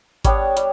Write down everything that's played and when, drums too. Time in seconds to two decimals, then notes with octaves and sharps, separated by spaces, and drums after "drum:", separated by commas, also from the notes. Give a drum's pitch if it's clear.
0.25 G3 B3 D4 C#5, drum: kick G#1, hi-hat
0.57 G3, drum: hi-hat